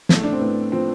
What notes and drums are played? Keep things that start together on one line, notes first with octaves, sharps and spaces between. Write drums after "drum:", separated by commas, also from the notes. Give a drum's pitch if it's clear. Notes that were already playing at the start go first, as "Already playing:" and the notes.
A2 A3, drum: snare
D4
C4
A2 B3
F3 C4